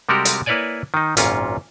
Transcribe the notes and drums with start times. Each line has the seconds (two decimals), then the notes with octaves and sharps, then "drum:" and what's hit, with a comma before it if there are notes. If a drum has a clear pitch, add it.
0.09 C3 G3 G#3 F#4 G4 A#4
0.25 drum: hi-hat
0.46 A#3 E4 B4 C#5 D5 G#5
0.94 D#3 D#4
1.17 G#1 F#2 A#2 C#4 F4, drum: hi-hat